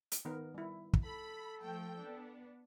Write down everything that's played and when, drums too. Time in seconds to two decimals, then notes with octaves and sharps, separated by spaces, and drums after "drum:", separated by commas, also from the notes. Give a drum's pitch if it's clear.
0.12 drum: hi-hat
0.25 D#3 B3 A#4
0.54 G3 E4
0.93 drum: kick
1.04 A4 B5
1.61 F3 A3 G5
2.00 B3 D4